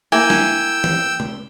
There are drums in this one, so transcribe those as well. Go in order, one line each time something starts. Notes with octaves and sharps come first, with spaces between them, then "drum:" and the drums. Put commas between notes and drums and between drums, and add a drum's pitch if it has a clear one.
A#3 E4 G5 G#5 E6
drum: snare
drum: tom
drum: tom